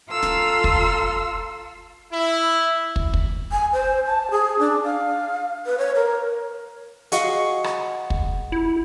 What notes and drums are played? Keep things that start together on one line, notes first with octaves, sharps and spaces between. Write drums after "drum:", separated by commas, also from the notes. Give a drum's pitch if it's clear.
F4 A4 F5 A#5 C6 E6
drum: snare
drum: kick
E4
drum: kick
drum: kick
G#5
C5
A5
G#4
D4
F5
B4
C#5
A#4
F#4 G#4 D#5 F5 F#5 C#6, drum: hi-hat
drum: rim click
drum: kick
E4